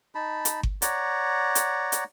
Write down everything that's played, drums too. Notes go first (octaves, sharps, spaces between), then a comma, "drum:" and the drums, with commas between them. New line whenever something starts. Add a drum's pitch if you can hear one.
D#4 A5 B5
drum: hi-hat
drum: kick G1
C#5 D5 F#5 A#5, drum: hi-hat
drum: hi-hat
drum: hi-hat